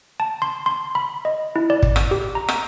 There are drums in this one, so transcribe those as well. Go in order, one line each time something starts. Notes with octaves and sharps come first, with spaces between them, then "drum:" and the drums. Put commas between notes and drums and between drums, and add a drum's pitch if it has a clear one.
A5
C6
C6
B5
D#5
E4
D5
drum: kick
drum: rim click
G4
A#5
drum: rim click